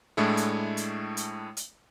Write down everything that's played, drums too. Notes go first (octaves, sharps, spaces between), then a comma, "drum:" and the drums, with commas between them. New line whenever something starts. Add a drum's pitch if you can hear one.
A2 G#3 A3 D4 E4
drum: hi-hat
drum: hi-hat
drum: hi-hat
drum: hi-hat